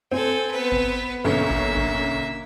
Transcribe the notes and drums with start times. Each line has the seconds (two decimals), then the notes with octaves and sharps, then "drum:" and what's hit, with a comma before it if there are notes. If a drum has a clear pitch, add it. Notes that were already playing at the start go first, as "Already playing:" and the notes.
0.12 C4 A4 G#5
0.51 B3 B4
0.72 drum: kick G#1
1.24 B1 D3 A#3 C#4 E5
1.51 drum: kick G#1
1.77 drum: kick G#1